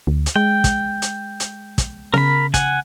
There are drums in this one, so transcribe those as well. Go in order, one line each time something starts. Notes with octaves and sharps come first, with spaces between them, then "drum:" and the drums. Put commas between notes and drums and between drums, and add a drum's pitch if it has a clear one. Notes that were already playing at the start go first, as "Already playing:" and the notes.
D2
drum: hi-hat
G#3 G5
drum: kick, hi-hat
drum: hi-hat
drum: hi-hat
drum: kick, hi-hat
C#3 A#4 B5, drum: snare B3
F#5 G#5, drum: kick, hi-hat